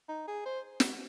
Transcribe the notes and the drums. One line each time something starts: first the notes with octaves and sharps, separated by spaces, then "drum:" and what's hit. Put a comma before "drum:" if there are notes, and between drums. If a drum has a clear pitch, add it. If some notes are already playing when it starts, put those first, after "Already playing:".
D#4
G#4
C5
drum: snare